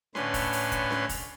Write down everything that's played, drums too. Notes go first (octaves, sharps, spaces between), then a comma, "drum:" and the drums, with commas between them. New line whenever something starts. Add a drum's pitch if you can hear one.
A2 D3 C#4 B4 C6, drum: snare C#4
drum: kick, open hi-hat
drum: open hi-hat
drum: kick, hi-hat
drum: snare C#4
drum: kick, open hi-hat